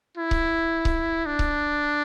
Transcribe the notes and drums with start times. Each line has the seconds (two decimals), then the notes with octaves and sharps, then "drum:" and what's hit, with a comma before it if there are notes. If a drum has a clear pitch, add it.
0.17 E4
0.31 drum: kick C#1
0.85 drum: kick C#1
1.26 D4
1.39 drum: kick C#1